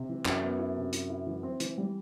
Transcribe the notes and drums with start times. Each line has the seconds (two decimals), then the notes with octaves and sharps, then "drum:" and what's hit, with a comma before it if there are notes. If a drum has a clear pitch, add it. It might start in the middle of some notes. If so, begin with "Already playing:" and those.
Already playing: C3
0.09 E3
0.25 F#2 E4, drum: clap
0.42 B3
0.59 E4
0.77 C3
0.93 E4, drum: hi-hat
1.10 E4
1.27 E3
1.43 C4
1.60 E3, drum: hi-hat
1.78 G3